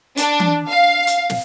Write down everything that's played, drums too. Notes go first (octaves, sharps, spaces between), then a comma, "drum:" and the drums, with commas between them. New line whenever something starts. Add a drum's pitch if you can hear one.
D4, drum: hi-hat
drum: tom E3
F5
drum: hi-hat
drum: snare